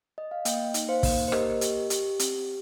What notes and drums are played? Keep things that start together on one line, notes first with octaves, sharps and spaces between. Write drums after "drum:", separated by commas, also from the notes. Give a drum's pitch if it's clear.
D#5
F5
A#3 D#5 G5, drum: hi-hat
D#4, drum: hi-hat
C5 F5
A#3, drum: kick, open hi-hat
C5
G4 A#4 D#5, drum: rim click
G4, drum: hi-hat
G4, drum: hi-hat
C4, drum: hi-hat